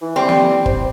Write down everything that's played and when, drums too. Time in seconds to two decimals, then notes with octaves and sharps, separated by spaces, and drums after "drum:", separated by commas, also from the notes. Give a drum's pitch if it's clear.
0.02 E3
0.16 G3 C4
0.29 drum: snare
0.66 C5, drum: kick